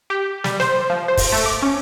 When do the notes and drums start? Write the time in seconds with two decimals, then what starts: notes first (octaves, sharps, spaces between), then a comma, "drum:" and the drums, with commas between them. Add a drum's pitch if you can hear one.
0.10 G4
0.44 G3, drum: snare
0.60 C5, drum: snare
0.90 F3
1.08 C5
1.17 drum: kick, open hi-hat
1.32 A3
1.46 D6
1.62 C#4